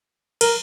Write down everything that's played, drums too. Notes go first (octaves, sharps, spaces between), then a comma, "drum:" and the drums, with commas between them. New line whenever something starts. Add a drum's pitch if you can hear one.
A#4, drum: cymbal